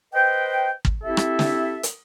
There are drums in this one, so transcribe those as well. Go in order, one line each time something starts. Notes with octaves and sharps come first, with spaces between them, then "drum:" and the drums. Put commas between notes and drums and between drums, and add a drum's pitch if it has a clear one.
B4 C5 D#5 G5
drum: kick
C4 E4 G4 A4 E5
drum: rim click
drum: snare
drum: hi-hat